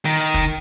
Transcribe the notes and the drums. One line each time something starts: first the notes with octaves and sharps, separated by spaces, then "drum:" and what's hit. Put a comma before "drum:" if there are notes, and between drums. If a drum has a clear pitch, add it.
D#3, drum: hi-hat
drum: hi-hat
drum: kick, hi-hat